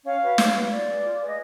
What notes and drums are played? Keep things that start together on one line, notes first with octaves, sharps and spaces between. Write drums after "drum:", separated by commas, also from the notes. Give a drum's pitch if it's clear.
C#4 F5
F#4 B4
C#4, drum: snare
F#4 B4
F4 D5
G#4 B4
F4
G#4 B4
D#5